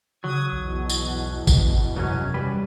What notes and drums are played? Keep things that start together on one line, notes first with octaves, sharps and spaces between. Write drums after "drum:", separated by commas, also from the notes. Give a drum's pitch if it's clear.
C#3 F#3 D#6 G#6
B1 E2 B2
drum: tambourine
drum: kick G#1, tambourine
F#2 C3 F#3 C#4
G3 C#4 B4